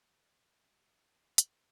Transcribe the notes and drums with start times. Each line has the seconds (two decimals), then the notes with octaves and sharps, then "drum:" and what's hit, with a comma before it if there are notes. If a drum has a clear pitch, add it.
0.23 C#4 D#4 A4 D5
1.38 drum: hi-hat